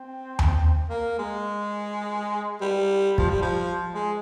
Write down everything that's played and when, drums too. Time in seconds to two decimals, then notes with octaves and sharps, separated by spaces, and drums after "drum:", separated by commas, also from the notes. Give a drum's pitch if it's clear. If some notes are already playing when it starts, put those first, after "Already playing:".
Already playing: C4
0.39 drum: tom D#2
0.89 A#3
1.19 G#3
2.61 G3
3.18 F3, drum: kick
3.30 G3
3.42 F3
3.95 G#3